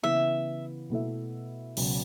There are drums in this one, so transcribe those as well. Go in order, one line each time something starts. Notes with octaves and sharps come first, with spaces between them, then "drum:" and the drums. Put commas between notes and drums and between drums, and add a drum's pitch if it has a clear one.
C#3 E3 B3 E4 E5
B2 A3 E4 A4 E5
C#2 B2 F#3, drum: open hi-hat